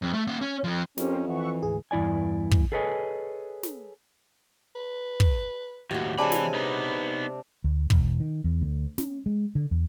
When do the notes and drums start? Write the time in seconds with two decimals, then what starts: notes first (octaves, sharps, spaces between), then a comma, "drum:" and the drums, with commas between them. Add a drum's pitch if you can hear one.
0.02 F2
0.13 A3
0.27 A#3 F#5
0.41 C#4
0.64 F2 F3
0.98 F2 C#4 G4 A#4 C5, drum: snare
1.27 E3 E5 F#5 C#6
1.63 D2 G#2 G#4
1.91 E2 G2 E4 D5 G#5
2.51 drum: kick
2.72 G#4 A4 B4 C#5 D#5 G#5
3.63 drum: snare
4.75 B4
5.20 drum: kick
5.91 D#2 A2 F#4 G4
6.18 C3 E3 G#3 D4 C#5 G#5 B5
6.32 drum: snare
6.54 B3 D#4 B4
7.64 D2
7.90 E1, drum: kick
8.20 D#3
8.44 E2
8.62 D2
8.98 C#4, drum: snare
9.26 G#3
9.55 D3
9.71 E2